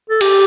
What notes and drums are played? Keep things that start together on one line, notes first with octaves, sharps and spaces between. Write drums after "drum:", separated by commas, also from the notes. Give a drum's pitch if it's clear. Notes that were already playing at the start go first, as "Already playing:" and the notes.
A4
G4, drum: cymbal